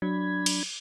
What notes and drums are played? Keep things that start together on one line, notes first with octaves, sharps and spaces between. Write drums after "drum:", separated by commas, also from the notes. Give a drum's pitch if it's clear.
F#3 D4 B5 G#6
drum: cymbal